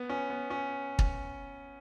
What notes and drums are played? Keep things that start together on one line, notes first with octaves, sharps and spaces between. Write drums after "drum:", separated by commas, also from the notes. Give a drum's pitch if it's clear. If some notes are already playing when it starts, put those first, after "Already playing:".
Already playing: B3
C#4
B3
C#4
drum: kick